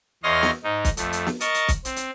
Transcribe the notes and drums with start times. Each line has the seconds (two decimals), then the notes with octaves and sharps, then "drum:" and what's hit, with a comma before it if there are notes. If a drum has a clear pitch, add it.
0.23 E2 C#5 D#5 F5 C6 A#6
0.43 drum: snare
0.64 G#2 D#4
0.85 drum: kick, hi-hat
0.97 F2 A3, drum: hi-hat
1.13 drum: hi-hat
1.27 drum: snare
1.40 A#4 D#5 A5 C#6 A6, drum: hi-hat
1.54 drum: hi-hat
1.68 drum: kick, hi-hat
1.85 C4, drum: hi-hat
1.96 drum: hi-hat